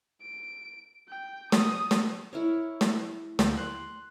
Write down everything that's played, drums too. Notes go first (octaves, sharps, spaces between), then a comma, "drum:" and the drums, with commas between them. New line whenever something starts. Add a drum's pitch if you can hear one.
D7
G5
D#6, drum: snare
drum: snare
E4 A#4 C#5
drum: snare
D2 A#3 G5, drum: snare
C6 F#6